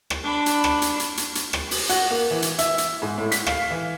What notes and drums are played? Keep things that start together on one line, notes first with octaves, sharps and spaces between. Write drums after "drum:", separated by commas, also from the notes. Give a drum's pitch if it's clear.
drum: rim click
D4 B5
drum: hi-hat
drum: rim click
drum: hi-hat
drum: hi-hat
drum: hi-hat
drum: hi-hat
drum: rim click
drum: open hi-hat
F#4, drum: hi-hat
A#3
E3
drum: hi-hat
E5, drum: hi-hat
drum: hi-hat
G#2
A2
B6, drum: hi-hat
F5, drum: rim click
E3